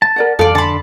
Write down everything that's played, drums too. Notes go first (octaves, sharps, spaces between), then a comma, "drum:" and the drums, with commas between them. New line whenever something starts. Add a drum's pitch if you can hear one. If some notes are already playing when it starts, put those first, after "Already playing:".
A5
A#4 D5 F#5
A4 D5 F5, drum: tom F2
D3 A5 B5 C6